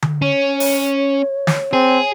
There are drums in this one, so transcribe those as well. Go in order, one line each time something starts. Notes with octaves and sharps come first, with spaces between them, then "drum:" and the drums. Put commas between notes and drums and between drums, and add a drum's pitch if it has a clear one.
drum: tom D3
C#4 C#5
drum: open hi-hat
drum: snare
C4 G#4